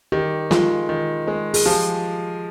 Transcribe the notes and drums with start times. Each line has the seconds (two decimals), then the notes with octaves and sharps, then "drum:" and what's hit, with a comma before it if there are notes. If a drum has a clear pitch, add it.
0.12 D#3 G4
0.51 G#3 F4, drum: snare
0.89 D#3
1.27 G#3
1.54 G#4, drum: open hi-hat
1.66 F3 G4